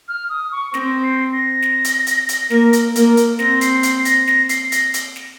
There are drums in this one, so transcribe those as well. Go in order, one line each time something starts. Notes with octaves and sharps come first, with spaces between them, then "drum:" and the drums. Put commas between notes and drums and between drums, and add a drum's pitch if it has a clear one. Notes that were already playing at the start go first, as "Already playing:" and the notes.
F6
D#6
C#6
C4 A#6, drum: snare
C7
A#6
drum: snare
drum: hi-hat
drum: hi-hat
drum: hi-hat
A#3, drum: snare
drum: hi-hat
A#3, drum: hi-hat
drum: hi-hat
C4 A#6, drum: snare
C7, drum: hi-hat
C7, drum: hi-hat
A#6, drum: hi-hat
A#6, drum: snare
C7, drum: hi-hat
A#6, drum: hi-hat
drum: hi-hat
drum: snare